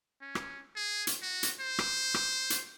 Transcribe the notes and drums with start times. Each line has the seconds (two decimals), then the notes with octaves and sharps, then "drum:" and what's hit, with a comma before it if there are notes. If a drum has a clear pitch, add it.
0.22 C#4
0.35 drum: rim click
0.76 G#4
1.07 drum: hi-hat
1.22 F#4
1.43 drum: hi-hat
1.61 C5
1.79 drum: rim click
2.14 drum: rim click
2.50 drum: hi-hat